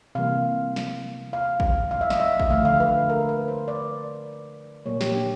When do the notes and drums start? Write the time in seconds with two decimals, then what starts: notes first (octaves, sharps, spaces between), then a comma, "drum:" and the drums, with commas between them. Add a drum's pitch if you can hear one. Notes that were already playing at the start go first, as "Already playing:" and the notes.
0.15 C3 E3 G3 A#3 F5
0.76 drum: snare
1.33 F5
1.60 drum: kick
1.91 F5
2.01 E5
2.10 D#5, drum: snare
2.20 E5
2.40 drum: kick
2.50 D3 F3 A3 F5
2.65 F5
2.80 B4
3.10 A#4
3.29 B4
3.48 C5
3.68 D5
4.86 A#2 F#3 A#3 C#5
5.01 G4, drum: snare
5.15 D4